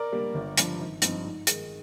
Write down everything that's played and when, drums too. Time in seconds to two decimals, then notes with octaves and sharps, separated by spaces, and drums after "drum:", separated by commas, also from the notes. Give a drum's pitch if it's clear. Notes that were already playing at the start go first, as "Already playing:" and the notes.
Already playing: A#4 D5
0.12 G3 A#3 D4
0.35 G1
0.57 G2 F3, drum: hi-hat
0.79 G#1
1.02 G2 F3 C4 D#4, drum: hi-hat
1.24 G#2
1.47 D#3 G#3, drum: hi-hat